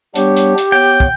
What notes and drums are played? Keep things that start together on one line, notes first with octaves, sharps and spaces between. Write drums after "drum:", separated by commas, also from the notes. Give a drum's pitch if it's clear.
G3 B3 D4 G4 C#5, drum: hi-hat
drum: hi-hat
drum: hi-hat
B3 C#5 G5
drum: kick